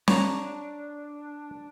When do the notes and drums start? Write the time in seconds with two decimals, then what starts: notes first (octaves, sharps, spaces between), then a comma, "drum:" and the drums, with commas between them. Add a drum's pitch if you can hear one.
0.08 D4 C#5 A#5, drum: snare